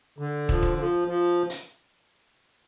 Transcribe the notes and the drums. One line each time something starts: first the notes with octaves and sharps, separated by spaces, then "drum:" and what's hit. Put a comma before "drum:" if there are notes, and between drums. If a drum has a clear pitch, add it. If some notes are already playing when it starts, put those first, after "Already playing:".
D3
F3, drum: kick
drum: kick
F3
F3
drum: hi-hat